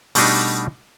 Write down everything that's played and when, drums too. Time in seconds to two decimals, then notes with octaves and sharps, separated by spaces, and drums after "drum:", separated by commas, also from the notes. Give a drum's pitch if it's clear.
0.15 B2 G3 A3 D4 D#4, drum: open hi-hat